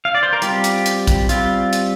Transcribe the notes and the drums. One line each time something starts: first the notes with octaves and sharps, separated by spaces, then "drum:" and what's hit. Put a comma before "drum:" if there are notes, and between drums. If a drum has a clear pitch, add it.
F5
D5
C5
A#4
G3 C4 F4 G4, drum: hi-hat
drum: hi-hat
drum: hi-hat
drum: kick A#1, hi-hat
G3 C4 F4, drum: hi-hat
drum: hi-hat